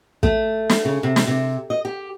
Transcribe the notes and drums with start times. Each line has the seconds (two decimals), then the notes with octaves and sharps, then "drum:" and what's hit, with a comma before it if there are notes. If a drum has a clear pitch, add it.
0.23 A3, drum: kick
0.69 drum: snare
0.85 C#3
1.03 C3
1.16 drum: snare
1.27 C3
1.70 D#5
1.85 G4